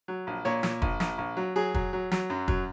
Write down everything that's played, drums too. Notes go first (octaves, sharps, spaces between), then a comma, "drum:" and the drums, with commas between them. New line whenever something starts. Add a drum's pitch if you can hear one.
F#3
A#1
A#2 C#5
A#2, drum: snare
A#1, drum: kick
A#1, drum: snare
A#1
F#3
F#3 G#4
F#3, drum: kick
F#3
F#3, drum: snare
F#2
F#3, drum: kick